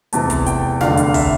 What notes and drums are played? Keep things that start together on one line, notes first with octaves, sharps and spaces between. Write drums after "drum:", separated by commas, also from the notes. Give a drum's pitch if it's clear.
F1 E2 C3 E3 A5, drum: hi-hat
drum: kick, hi-hat
G5, drum: hi-hat
F1 E2 D3 F5, drum: snare
drum: hi-hat
E5, drum: kick, open hi-hat